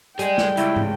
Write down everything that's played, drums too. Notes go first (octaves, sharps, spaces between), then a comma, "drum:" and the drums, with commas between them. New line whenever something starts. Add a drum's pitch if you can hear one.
G3 G#4 D#5 G5, drum: hi-hat
drum: snare
C#2 E4, drum: hi-hat
drum: tom